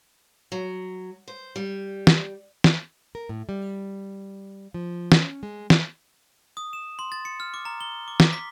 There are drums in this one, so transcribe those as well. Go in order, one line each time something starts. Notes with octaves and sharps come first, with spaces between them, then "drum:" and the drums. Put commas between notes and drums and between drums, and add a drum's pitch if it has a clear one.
F#3
C5
G3
drum: snare
drum: snare
A#4
A2
G3
F3
C#4, drum: snare
G#3
drum: snare
D#6
E7
C6
A6
C#7
F6
D6
A#5
G7
D6
D6, drum: snare
B6